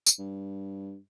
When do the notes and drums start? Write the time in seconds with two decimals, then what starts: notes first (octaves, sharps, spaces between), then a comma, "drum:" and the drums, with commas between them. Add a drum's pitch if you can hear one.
0.06 drum: tambourine
0.18 G2